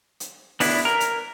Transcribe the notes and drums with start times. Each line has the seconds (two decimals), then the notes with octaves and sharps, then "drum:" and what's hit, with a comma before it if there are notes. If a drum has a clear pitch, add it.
0.20 drum: hi-hat
0.60 B3 D4 E4, drum: open hi-hat
0.85 A#4
1.00 drum: hi-hat